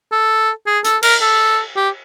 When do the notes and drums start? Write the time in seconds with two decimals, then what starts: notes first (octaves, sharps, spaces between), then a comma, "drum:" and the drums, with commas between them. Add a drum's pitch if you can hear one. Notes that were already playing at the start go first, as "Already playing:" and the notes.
0.12 A4
0.66 G#4
0.85 A4, drum: hi-hat
1.03 A#4, drum: cymbal
1.21 A4
1.76 G4